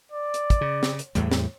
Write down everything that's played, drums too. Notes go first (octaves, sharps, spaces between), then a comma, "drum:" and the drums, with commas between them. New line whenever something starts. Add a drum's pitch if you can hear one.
D5
drum: hi-hat
drum: kick, hi-hat
C#3
drum: snare
drum: hi-hat
E2 A2 G3, drum: hi-hat
drum: snare